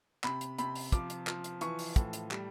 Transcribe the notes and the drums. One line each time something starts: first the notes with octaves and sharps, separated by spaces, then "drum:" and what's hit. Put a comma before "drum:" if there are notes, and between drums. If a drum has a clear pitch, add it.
C3 B5, drum: clap
drum: hi-hat
C3 B5, drum: hi-hat
drum: open hi-hat
F3 D6, drum: kick, hi-hat
drum: hi-hat
F3, drum: clap
drum: hi-hat
E3 C#6, drum: hi-hat
drum: open hi-hat
A2, drum: kick, hi-hat
drum: hi-hat
G3, drum: clap